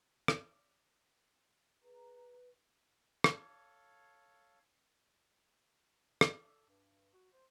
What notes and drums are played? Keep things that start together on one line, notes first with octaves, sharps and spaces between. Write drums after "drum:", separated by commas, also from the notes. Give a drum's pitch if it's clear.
drum: rim click
G#4 B4 A#5
A4 C#5 F5, drum: rim click
drum: rim click
A4
G2
F#4
C5